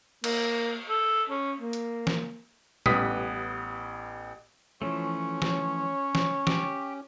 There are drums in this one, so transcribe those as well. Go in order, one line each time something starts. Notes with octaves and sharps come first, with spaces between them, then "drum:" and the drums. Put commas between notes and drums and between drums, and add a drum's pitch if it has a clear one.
A#3, drum: cymbal
A4
C#4
A#3
drum: hi-hat
drum: snare
A1 G3 B3 D#6 B6, drum: tom A#2
E3 F3 A3 C#4 C#5
drum: snare
drum: snare
G4, drum: snare